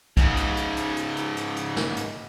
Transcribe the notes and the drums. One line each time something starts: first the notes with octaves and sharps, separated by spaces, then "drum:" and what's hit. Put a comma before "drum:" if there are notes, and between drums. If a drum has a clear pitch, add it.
G#2 C#3, drum: kick, hi-hat
drum: hi-hat
drum: hi-hat
drum: hi-hat
drum: hi-hat
drum: hi-hat
drum: hi-hat
drum: hi-hat
drum: snare
drum: hi-hat